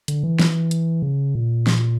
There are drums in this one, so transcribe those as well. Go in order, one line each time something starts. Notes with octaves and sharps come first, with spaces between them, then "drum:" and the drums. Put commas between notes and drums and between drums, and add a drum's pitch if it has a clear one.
D3, drum: hi-hat
E3
drum: snare
drum: hi-hat
C#3
A#2
drum: snare